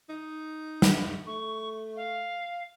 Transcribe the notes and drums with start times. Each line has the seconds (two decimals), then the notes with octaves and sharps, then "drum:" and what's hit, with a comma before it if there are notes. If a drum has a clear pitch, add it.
0.10 D#4
0.82 drum: snare
1.27 A3 C#6
1.96 F5